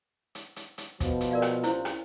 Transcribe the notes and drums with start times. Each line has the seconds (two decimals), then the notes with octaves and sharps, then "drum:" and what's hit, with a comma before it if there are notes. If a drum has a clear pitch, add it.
0.35 drum: hi-hat
0.56 drum: hi-hat
0.78 drum: hi-hat
1.00 B2 F3, drum: kick, hi-hat
1.21 drum: hi-hat
1.31 A#4 D5 F5
1.42 drum: rim click
1.63 C2 C#4 E4 F4 C5 C#5, drum: hi-hat
1.85 drum: rim click